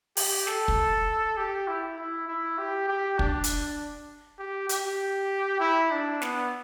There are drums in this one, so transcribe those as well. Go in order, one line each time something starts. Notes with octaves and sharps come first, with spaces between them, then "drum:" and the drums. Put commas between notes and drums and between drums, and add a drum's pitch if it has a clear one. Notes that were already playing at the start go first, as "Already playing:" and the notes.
G4, drum: open hi-hat
A4, drum: snare
drum: kick
G4
E4
E4
E4
G4
G4
D4, drum: kick
drum: hi-hat
G4
G4, drum: hi-hat
E4
D4
B3, drum: snare